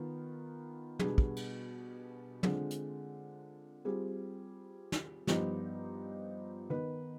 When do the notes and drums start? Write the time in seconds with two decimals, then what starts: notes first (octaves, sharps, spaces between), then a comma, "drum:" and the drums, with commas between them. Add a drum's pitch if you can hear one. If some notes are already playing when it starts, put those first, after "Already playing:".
Already playing: D#3 B3 F4
0.99 B2 G3 B3 D4 G#4, drum: tom
1.18 drum: kick
1.36 drum: cymbal
2.43 D3 G#3 C4 F4, drum: tom
2.70 drum: hi-hat
3.85 G3 C4 F4 G#4
4.92 drum: snare
5.27 G2 F3 B3 D#4 G4, drum: snare
6.70 D#3 B3 D#4 B4